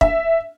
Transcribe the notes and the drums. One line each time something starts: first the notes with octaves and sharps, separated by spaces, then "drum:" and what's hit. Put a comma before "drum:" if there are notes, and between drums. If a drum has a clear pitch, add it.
E5, drum: kick